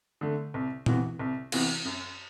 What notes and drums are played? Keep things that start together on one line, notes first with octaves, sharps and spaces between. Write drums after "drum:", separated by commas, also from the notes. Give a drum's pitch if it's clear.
D3 A3
C2
C3 E3 B3 F#4, drum: tom A#2
C2
C3 E3 B3 F#4, drum: cymbal
F#2